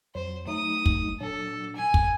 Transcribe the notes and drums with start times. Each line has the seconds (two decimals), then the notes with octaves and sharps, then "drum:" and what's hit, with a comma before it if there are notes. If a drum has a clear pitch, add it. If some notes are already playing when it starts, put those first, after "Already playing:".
0.15 F2 F#3 C5
0.47 F#3 A3 D#4 D#6
0.86 drum: kick
1.20 A#2 F#3 D4 A4
1.76 G#5
1.94 drum: kick